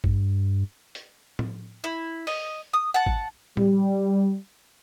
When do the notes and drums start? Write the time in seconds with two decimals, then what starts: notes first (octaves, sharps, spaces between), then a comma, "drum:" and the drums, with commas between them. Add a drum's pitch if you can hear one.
0.04 G2, drum: kick G#1
0.95 drum: hi-hat
1.39 drum: tom A2
1.84 E4
2.27 D#5, drum: open hi-hat
2.73 D#6
2.94 F#5 A5
3.06 drum: kick G#1
3.57 G3, drum: tom A2